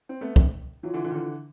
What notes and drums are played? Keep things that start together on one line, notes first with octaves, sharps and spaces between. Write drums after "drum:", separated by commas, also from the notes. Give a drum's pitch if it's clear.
C4
A3 B3 C4
C4, drum: kick
E3 F#3 F4
D3 E3
D3 E3
D#3
D3 E3